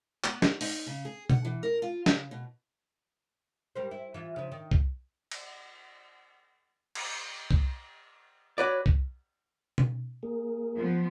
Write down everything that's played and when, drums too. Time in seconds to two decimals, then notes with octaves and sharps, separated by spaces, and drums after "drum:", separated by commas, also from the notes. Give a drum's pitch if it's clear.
0.24 B3, drum: clap
0.42 D#4, drum: snare
0.61 D#4, drum: open hi-hat
0.86 C#3
1.05 G#4
1.30 F#5, drum: tom
1.45 E3
1.63 A#4
1.82 F4
2.06 C#3, drum: snare
2.31 B2
3.75 G3 A#4 C5
3.91 E4
4.14 E3 F4
4.36 C#3 F3
4.52 D#3
4.71 drum: kick C2
5.31 drum: cymbal
6.95 drum: cymbal
7.51 drum: kick C2
8.58 F#4 B4 C#5 D5
8.86 drum: kick C2
9.78 drum: tom
10.23 A#3 G#4 A#4
10.77 F3 B3